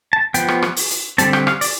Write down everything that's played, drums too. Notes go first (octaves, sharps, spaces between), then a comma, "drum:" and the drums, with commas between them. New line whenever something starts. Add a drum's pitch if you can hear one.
A5
F3 B3 G5, drum: hi-hat
drum: rim click
drum: rim click
drum: open hi-hat
drum: hi-hat
D3 G3 C4 A5, drum: hi-hat
G5, drum: rim click
F5, drum: rim click
D5, drum: open hi-hat